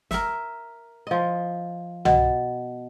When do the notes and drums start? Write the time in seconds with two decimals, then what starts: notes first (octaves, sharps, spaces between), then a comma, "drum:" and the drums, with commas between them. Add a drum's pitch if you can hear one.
0.11 A#4 E5, drum: snare
1.07 F3 D#5
2.05 B2, drum: tom C2